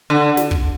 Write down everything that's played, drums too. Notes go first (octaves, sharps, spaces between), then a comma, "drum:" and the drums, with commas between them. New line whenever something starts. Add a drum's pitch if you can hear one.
D3
drum: snare
drum: kick